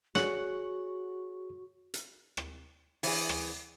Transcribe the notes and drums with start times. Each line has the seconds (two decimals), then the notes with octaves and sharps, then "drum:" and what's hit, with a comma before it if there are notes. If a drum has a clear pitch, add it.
0.15 F#4 G#4 C#5 F#5, drum: snare
1.94 drum: hi-hat
2.37 drum: rim click
3.03 E3 G#4, drum: open hi-hat
3.29 drum: rim click